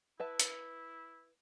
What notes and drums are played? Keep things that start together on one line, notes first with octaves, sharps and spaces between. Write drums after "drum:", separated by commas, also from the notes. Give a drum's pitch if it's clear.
E4 B4 E5 A5
drum: hi-hat